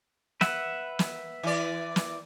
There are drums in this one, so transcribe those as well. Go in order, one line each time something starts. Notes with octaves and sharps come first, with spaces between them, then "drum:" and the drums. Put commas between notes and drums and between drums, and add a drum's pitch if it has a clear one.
B4 E5 F#5, drum: snare
drum: snare
E3 D5
drum: snare